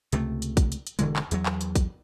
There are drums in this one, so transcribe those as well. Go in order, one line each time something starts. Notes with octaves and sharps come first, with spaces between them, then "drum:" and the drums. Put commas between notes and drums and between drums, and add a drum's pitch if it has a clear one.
C#2 C3 G3 A3, drum: hi-hat
drum: hi-hat
drum: kick, hi-hat
drum: hi-hat
drum: hi-hat
E1 D3 E3 G#3, drum: hi-hat
drum: clap
E2 F#3, drum: hi-hat
drum: clap
drum: hi-hat
drum: kick, hi-hat